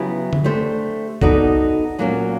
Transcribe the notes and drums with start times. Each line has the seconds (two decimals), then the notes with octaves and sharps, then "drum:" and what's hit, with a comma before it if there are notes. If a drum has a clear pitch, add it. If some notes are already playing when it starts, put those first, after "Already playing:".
Already playing: C#3 F#3 B3 E4 G4
0.33 drum: tom D3
0.44 A3 D4 G4 C5
1.21 B3 D#4 F#4 A4 D5, drum: kick C2
1.99 A#2 F#3 A#3 C#4